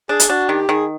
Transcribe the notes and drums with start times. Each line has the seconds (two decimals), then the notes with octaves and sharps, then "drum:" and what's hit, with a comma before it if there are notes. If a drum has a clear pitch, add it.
0.09 D4 G#4
0.20 drum: hi-hat
0.29 D4 F#4
0.49 D#3 G4
0.69 D#3 G#4